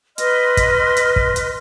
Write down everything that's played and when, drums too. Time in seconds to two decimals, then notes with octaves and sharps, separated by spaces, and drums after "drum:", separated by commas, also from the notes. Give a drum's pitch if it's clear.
0.18 B4 D#5 C6 F6, drum: hi-hat
0.57 drum: kick, hi-hat
0.97 drum: hi-hat
1.16 drum: kick
1.36 drum: hi-hat